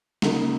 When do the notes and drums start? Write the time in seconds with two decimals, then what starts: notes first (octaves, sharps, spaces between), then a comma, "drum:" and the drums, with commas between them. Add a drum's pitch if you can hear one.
0.22 C#2 C#3 F#3 A#3 D#4, drum: snare